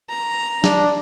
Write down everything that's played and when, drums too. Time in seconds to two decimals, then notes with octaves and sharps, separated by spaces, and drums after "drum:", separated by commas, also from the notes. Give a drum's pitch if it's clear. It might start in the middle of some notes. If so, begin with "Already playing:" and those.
0.10 A#5
0.64 D4, drum: snare